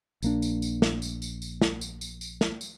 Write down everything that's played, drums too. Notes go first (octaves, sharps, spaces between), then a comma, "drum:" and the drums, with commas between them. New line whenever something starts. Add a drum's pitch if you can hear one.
A#1 A#3 D4, drum: tambourine
drum: tambourine
drum: tambourine
drum: snare
drum: tambourine
drum: tambourine
drum: tambourine
drum: snare
drum: tambourine
drum: tambourine
drum: tambourine
drum: snare
drum: tambourine